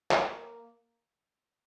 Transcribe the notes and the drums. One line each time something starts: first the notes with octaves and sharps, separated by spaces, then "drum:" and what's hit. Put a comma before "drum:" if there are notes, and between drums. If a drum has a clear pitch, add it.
A#3, drum: clap